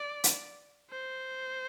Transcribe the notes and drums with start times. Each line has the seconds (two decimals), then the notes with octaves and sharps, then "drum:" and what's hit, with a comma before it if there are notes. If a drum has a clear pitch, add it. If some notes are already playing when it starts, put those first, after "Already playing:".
Already playing: D5
0.24 drum: hi-hat
0.91 C5